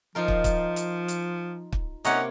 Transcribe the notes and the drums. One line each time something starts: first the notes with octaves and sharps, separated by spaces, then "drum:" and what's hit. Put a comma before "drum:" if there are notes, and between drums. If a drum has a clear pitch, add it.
F3 D#4 F4 A#4
drum: kick
drum: kick, hi-hat
drum: hi-hat
drum: hi-hat
drum: kick
C3 A#3 C#4 D#4 C#5 F#5, drum: hi-hat